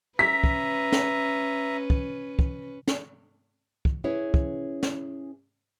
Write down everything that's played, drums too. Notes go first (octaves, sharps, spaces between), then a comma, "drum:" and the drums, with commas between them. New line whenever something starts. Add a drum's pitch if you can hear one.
C#4 B4 E5 A#5 B6
drum: kick
drum: snare
drum: kick
drum: kick
drum: snare
drum: kick
C#4 E4 G#4 B4 C#5
drum: kick
drum: snare